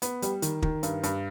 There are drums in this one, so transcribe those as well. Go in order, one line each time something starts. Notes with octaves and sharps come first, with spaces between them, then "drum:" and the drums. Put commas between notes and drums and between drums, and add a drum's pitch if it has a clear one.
B3, drum: hi-hat
G3, drum: hi-hat
D#3, drum: hi-hat
D#3, drum: kick
G2, drum: hi-hat
G2, drum: hi-hat